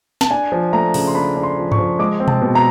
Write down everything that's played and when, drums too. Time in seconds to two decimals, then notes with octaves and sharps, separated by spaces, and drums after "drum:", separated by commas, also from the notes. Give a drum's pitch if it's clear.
0.21 A5, drum: snare
0.31 D4 G#5
0.52 F3
0.73 A3 A#5
0.94 C#3, drum: open hi-hat
1.07 C6
1.15 D4 B5
1.37 D4
1.43 C6
1.57 F3
1.72 C#6, drum: tom G2
1.78 F3
1.99 G#3 D6
2.20 C4
2.28 A5, drum: tom B2
2.41 B2
2.55 A#5